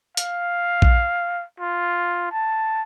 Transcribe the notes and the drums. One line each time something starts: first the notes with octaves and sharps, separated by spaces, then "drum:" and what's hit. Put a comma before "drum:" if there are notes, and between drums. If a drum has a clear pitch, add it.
F5, drum: hi-hat
drum: kick A#1
F4
A5